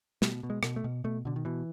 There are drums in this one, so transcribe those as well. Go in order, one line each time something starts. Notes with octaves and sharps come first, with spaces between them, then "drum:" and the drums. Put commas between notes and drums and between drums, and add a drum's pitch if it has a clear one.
B2 G3, drum: snare
B2
G#3
B2, drum: rim click
A3
B2
B2 A3
B2 D3
D#3
B2 E3